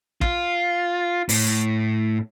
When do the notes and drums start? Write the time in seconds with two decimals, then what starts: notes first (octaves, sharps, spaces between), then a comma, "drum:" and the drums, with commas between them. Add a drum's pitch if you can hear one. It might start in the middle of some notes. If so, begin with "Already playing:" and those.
0.21 F4, drum: kick
1.29 A2, drum: open hi-hat